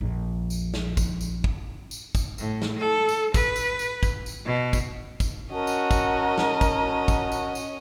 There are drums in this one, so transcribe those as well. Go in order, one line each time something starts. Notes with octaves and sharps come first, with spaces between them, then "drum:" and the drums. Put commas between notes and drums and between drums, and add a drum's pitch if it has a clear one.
A#1 F2
drum: tambourine
drum: snare
drum: kick, tambourine
drum: tambourine
drum: kick
drum: tambourine
drum: kick, tambourine
A2, drum: tambourine
drum: snare
A4
drum: tambourine
B4, drum: kick, tambourine
drum: tambourine
drum: tambourine
drum: kick, tambourine
drum: tambourine
B2
drum: kick, tambourine
drum: kick, tambourine
C#4 F#4 A#4 D#5 A5
drum: tambourine
drum: kick, tambourine
drum: snare
drum: kick, tambourine
F#4
drum: kick, tambourine
drum: tambourine
drum: tambourine